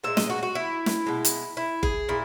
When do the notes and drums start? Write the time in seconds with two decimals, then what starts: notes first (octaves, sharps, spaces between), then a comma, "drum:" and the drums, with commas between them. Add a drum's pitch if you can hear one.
0.04 A#2 G#3 E5
0.17 D#5, drum: snare
0.30 F#4
0.43 F#4
0.55 E4
0.86 drum: snare
1.06 B2 G#3
1.25 drum: hi-hat
1.57 E4
1.83 G#4, drum: kick F#1
2.09 A#2 E4